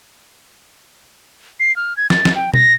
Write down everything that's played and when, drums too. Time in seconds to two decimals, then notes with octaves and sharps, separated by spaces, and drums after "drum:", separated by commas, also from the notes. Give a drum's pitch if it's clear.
1.60 C7
1.76 F6
1.97 G#6
2.10 A6, drum: snare
2.25 drum: snare
2.35 G5
2.54 A#6, drum: tom B2